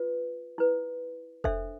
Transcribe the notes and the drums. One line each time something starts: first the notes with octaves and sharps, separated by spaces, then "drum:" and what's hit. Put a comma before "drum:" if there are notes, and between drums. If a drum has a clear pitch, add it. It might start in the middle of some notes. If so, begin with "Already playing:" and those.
Already playing: F4 B4
E4 B4
D4 A4 C5 E5, drum: kick F1